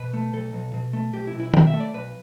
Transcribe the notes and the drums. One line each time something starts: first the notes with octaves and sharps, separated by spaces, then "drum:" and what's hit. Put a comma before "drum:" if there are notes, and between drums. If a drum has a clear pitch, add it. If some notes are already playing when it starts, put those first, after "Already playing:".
Already playing: B2 B4
A3
B1 A4
B1
B2
A3
B1 G4
E4
B1
E4
B2 G5, drum: tom
E5
A3
D5
B1 B4